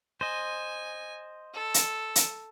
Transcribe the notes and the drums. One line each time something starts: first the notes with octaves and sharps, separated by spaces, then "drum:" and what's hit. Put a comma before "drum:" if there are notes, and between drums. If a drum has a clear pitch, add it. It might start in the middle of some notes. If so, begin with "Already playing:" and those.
C5 D#5 G#5
A4
drum: hi-hat
drum: hi-hat